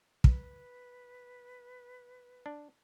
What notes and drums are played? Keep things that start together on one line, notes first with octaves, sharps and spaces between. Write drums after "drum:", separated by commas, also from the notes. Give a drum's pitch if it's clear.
B4, drum: kick
D4